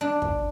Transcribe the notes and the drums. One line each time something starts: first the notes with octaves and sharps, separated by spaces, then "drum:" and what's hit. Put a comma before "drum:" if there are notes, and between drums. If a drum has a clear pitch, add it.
D4
drum: kick